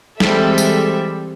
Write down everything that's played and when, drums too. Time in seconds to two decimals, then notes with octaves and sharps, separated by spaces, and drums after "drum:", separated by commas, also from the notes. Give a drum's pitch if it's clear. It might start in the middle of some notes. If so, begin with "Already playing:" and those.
0.20 E3 G3 G#3 C4 A4 E5, drum: snare
0.58 drum: tambourine